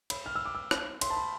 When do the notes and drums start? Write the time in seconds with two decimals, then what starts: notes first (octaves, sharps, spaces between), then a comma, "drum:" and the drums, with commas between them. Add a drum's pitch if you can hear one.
0.10 B5, drum: cymbal
0.26 F6
0.35 E6
0.46 D6
0.55 E6
0.71 drum: rim click
1.01 C6, drum: cymbal
1.10 A5
1.17 B5